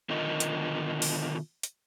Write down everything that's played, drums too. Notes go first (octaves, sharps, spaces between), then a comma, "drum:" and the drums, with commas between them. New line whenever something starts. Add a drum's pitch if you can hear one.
B2 D3 D#3 F4 A#4 D#5
drum: hi-hat
drum: open hi-hat
drum: hi-hat